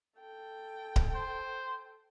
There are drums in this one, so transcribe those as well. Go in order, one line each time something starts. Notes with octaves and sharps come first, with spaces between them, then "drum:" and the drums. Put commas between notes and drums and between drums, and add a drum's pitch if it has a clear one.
A4 G5
drum: kick D1
C5